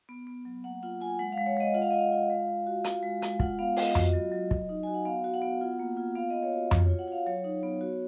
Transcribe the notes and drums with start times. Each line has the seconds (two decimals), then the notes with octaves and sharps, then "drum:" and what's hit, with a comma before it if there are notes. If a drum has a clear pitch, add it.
0.09 B3
0.27 B3
0.45 F#3
0.64 A#3 F#5
0.83 F4 F#5
1.00 F4 G#5
1.19 G#3 F#5
1.32 F5
1.38 G#3
1.46 C#5
1.57 G#3 D#5
1.74 F4 F#5
1.82 F5
1.90 F4 D#5
1.99 F5
2.12 F4
2.30 G#3
2.48 G#3
2.67 F#4
2.84 F4, drum: hi-hat
3.03 G#3
3.22 G#3, drum: hi-hat
3.40 F4 F#5, drum: kick
3.59 B3 F5
3.76 F4 D#5, drum: open hi-hat
3.95 F#4, drum: tom F2
4.13 F#3
4.32 F#3
4.51 F#3, drum: kick
4.69 D#4
4.83 F#4 G#5
4.94 F#5
5.05 B3 F5
5.24 F#4
5.34 F#5
5.42 B3
5.61 F4
5.80 A#3
5.97 F4
6.15 B3 F5
6.30 B3 D#5
6.43 C#5
6.52 F#4
6.71 F4, drum: tom F2
6.85 F4 C#5
6.99 F#5
7.08 F4 F5
7.26 F#3 C#5
7.44 D#4
7.63 B3
7.81 F#4